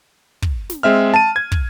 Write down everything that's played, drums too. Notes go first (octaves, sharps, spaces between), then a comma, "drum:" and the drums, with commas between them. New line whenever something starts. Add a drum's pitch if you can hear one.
drum: kick
drum: snare
G#3 C4 E5 F6
A5 D#7
G#6
drum: kick